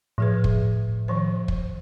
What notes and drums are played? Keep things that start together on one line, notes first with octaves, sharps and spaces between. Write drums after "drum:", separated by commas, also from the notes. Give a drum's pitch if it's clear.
A2 F3 G#4 B4
drum: kick
D#3 F3 C5
drum: kick